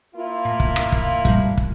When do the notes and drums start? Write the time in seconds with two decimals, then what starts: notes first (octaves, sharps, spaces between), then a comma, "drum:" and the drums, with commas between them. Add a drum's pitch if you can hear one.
0.16 A#3 E4 F4
0.45 A2
0.60 drum: kick
0.76 drum: rim click
0.92 drum: kick
1.25 A2 F3 G3, drum: kick
1.57 drum: kick